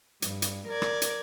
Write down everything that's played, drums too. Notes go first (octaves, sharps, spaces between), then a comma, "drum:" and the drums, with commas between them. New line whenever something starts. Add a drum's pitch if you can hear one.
G2, drum: hi-hat
drum: hi-hat
A#4 D5 G#6
drum: rim click
drum: hi-hat